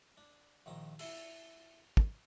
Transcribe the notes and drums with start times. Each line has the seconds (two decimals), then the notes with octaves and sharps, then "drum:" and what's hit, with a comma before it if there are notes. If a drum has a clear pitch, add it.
0.18 D4
0.66 A#1 D#3 F3 A#5
0.99 E4 A4, drum: open hi-hat
1.97 drum: kick